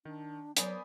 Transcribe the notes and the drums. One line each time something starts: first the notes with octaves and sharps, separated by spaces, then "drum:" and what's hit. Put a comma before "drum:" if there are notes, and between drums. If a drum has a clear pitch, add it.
D#3 D4
F#3 B3 A#4 C5 D5 G#5 B5 D#6, drum: hi-hat